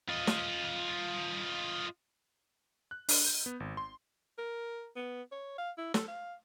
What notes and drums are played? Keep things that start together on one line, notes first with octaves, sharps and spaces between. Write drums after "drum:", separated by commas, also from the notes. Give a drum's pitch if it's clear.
F4 D#5
drum: snare
F#6
D4, drum: open hi-hat
G6
B3
G#1
C6
A#4
B3
C#5
F5
E4
A4, drum: snare
F5